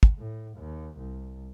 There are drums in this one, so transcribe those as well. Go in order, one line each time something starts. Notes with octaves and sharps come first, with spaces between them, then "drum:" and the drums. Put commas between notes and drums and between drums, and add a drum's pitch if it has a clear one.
drum: kick
A2
D#2
C2